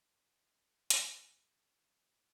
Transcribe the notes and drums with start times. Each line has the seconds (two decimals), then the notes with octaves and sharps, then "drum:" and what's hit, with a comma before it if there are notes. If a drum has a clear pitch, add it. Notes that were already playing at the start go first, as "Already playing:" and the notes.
0.10 A#4 C6
0.90 drum: hi-hat